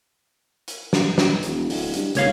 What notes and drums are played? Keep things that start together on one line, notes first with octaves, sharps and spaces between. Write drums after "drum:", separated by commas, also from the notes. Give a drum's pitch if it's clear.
drum: hi-hat
drum: snare
drum: snare
E1, drum: hi-hat
D1, drum: open hi-hat
G2, drum: hi-hat
D#1 C#2 C#5 F5, drum: hi-hat